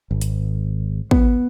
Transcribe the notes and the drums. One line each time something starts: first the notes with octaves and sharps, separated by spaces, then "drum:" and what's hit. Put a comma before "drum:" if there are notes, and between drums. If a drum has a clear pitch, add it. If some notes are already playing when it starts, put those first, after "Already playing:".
G#1
drum: hi-hat
B3, drum: kick